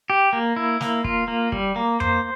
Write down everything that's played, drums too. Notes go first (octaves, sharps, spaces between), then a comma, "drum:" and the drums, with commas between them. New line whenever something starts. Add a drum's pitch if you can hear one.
G4
A#3
E4
A#3, drum: snare
F4, drum: kick
A#3
G3, drum: kick
A#3
C5, drum: tom F2